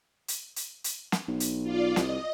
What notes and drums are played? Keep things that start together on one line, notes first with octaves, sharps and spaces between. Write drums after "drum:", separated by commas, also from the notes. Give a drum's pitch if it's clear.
drum: hi-hat
drum: hi-hat
drum: hi-hat
drum: snare
B1
drum: hi-hat
F4 D5
C2 D#5, drum: snare